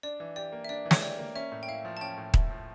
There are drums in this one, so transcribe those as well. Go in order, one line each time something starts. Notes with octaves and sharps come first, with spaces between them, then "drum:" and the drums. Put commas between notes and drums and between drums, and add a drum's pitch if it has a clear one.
D4 D5
E3
G4 D5
A#3
E5
D4 D5
E3
C#5, drum: snare
G4 D5
A#3
C#4 E5
A2
G5
E4 F5
F3
A5
C#4 G5
A2
E4, drum: kick D#1
F3